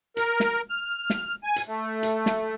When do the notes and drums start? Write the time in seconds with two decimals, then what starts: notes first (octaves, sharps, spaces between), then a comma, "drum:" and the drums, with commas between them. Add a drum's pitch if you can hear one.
0.17 A#4, drum: hi-hat
0.40 drum: snare
0.70 F6
1.10 drum: snare
1.44 G#5
1.56 drum: hi-hat
1.68 A3
2.03 drum: hi-hat
2.26 drum: snare